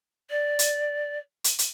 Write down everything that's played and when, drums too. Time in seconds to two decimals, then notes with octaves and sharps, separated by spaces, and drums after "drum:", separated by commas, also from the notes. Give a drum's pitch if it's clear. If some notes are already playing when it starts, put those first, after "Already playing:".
0.30 D5
0.59 drum: hi-hat
1.44 drum: hi-hat
1.59 drum: hi-hat